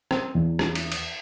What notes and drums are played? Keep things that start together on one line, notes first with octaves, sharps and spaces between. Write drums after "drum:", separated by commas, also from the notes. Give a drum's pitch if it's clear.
C4, drum: rim click
E2
drum: rim click
drum: cymbal
drum: cymbal